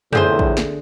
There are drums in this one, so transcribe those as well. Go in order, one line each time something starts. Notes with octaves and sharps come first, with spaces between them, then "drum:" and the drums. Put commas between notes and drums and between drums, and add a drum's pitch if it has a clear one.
A#1 E2 A2 D3 C4 F4 G#4 C5, drum: tom
drum: kick A1
drum: snare